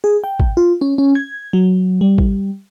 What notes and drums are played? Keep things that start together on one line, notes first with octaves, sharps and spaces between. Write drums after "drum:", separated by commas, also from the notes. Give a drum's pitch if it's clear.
G#4
G5
drum: kick
F4
C#4
C#4
G#6
F#3
G3
drum: kick